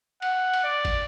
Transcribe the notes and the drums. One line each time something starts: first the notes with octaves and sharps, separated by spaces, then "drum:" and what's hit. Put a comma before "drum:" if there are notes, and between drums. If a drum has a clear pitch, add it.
F#5, drum: cymbal
drum: cymbal
D5
drum: kick, cymbal